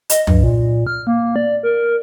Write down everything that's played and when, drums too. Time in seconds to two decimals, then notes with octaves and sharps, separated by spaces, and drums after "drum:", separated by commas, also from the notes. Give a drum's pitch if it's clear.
0.10 D#5, drum: hi-hat
0.27 G2, drum: tom
0.43 A#2
0.87 F6
1.07 A#3
1.36 D5
1.63 A#4